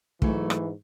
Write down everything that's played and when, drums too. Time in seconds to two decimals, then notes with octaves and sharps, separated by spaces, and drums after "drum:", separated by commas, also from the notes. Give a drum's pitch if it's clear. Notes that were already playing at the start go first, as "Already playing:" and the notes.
0.22 G#2 E3 F#3 A3, drum: kick
0.50 drum: rim click